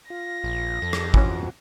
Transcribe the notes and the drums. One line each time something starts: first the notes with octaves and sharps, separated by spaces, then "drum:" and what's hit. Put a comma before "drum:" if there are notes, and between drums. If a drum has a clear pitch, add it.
F4 A#6
A#1
F2 A4
drum: rim click
E3 F3 C#4 F#4, drum: kick